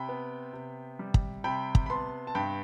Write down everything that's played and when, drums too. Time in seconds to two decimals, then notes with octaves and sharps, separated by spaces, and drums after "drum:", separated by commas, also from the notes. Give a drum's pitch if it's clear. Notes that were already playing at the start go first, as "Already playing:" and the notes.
Already playing: C3 G5 B5
0.09 B3
0.53 C3
0.99 G3
1.14 drum: kick
1.44 C3 G5 B5
1.75 drum: kick
1.86 B5
1.90 B3 A5 C6
2.27 A5
2.35 G2 G5 B5